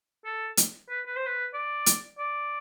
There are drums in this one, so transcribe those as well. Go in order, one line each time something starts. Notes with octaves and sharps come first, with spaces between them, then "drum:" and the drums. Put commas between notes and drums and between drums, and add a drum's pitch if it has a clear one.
A4
drum: hi-hat
B4
B4
C5
B4
D5
drum: hi-hat
D5